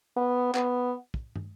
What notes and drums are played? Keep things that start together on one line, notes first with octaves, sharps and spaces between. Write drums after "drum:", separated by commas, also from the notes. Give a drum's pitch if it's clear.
B3
B3, drum: clap
drum: kick
drum: tom